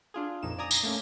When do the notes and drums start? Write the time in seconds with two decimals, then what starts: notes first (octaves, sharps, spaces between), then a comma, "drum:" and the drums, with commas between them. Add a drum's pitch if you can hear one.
0.14 D4 F4 G#4
0.43 F2 A#2 F3 D#4 E7
0.58 D5 G#5 A#5 D#6
0.71 drum: tambourine
0.83 A3 A#3 C#4